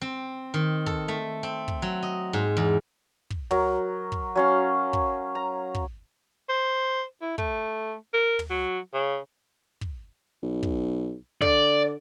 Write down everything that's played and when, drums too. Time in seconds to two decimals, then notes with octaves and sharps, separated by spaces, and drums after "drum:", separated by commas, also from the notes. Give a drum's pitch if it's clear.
0.01 C4
0.54 D#3
0.86 A4, drum: kick
1.08 A3
1.43 C4
1.68 drum: kick
1.82 F#3
2.03 D#5
2.33 G#2
2.57 E2
3.30 drum: kick
3.51 F#3 A#4, drum: tom
4.12 drum: kick
4.35 F#3 C#4 F5
4.93 drum: kick
5.35 A#5
5.75 drum: kick
6.49 C5
7.21 E4
7.38 A3, drum: kick
8.14 A#4
8.39 drum: tom
8.50 F#3
8.94 C#3
9.81 drum: kick
10.43 B1
10.63 drum: kick
11.42 D3 D5, drum: kick